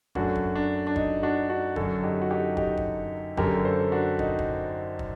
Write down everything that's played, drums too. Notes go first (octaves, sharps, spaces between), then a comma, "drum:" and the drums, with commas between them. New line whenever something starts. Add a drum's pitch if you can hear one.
F#2 F#3 A3 D4 F#4, drum: kick
drum: kick
D4
D4
D#4, drum: kick
D4 F#4
D4 F#4
F#2 D3 F#3 F#4 A4, drum: kick
D#4 G4
F#4
D#4 G4
D#4 G4, drum: kick
drum: kick
F#2 D3 F#3 G4 A#4, drum: kick
A4 C5
D4 F#4
D#4, drum: kick
drum: kick
drum: kick